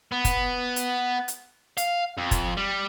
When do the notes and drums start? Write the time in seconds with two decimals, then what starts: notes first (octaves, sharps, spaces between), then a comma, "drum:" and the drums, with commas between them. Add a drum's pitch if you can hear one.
0.12 B3
0.25 drum: kick, hi-hat
0.76 drum: hi-hat
1.28 drum: hi-hat
1.78 F5, drum: hi-hat
2.18 F2
2.31 drum: kick, hi-hat
2.57 G3